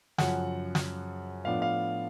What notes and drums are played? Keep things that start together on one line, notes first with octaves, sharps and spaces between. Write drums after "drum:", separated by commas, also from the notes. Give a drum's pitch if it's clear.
F#2 C#3 F3 F#5, drum: snare
drum: snare
A2 F3 B3 D4 F5
F5